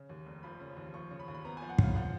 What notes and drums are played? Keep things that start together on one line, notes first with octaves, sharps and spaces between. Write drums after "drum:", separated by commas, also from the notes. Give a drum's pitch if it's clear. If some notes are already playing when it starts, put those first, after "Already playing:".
Already playing: C#3
D#2
F1
F3 B5
C#3
D#2
F3 C#6
C#3
B5
D#2
B5
B3 A#5
F3 G#5
F#5
C#3 F5, drum: kick
F3 F#5